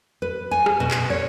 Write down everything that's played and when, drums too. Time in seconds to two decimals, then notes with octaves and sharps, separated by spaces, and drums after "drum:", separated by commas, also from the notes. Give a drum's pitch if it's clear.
0.22 B4
0.51 G#5
0.66 drum: rim click
0.80 B2
0.91 drum: clap
1.10 C#5